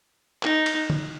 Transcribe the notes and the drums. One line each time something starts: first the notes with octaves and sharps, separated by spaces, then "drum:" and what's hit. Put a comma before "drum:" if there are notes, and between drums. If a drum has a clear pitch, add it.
D#4, drum: clap
drum: cymbal
drum: tom